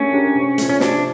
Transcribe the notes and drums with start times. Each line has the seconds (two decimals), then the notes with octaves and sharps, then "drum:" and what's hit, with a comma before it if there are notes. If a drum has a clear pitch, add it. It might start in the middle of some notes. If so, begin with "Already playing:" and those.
Already playing: A3 C#4 D4 G4 A#4
0.13 D4 G4 A#4 C#5
0.35 C3
0.58 F3 A3, drum: hi-hat
0.69 C#4
0.80 C3 D4, drum: snare